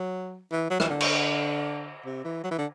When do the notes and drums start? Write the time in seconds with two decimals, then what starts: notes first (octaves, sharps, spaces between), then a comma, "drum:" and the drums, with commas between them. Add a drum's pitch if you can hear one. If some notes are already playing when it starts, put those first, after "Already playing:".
Already playing: F#3
0.52 E3
0.70 F#3
0.80 E3, drum: rim click
0.90 D3
1.00 drum: cymbal
2.05 C3
2.25 E3
2.44 F#3
2.51 E3
2.59 D3